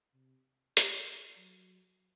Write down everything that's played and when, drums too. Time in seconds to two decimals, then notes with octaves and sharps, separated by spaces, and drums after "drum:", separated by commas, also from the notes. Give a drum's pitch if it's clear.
0.14 C3
0.77 drum: hi-hat
1.37 F#3